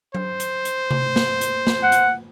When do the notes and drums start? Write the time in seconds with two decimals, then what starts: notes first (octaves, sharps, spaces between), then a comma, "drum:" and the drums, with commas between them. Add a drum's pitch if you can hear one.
0.15 C5, drum: tom F#3
0.40 drum: hi-hat
0.65 drum: hi-hat
0.91 drum: tom C3
1.16 drum: snare
1.41 drum: hi-hat
1.67 drum: snare
1.83 F#5
1.92 drum: hi-hat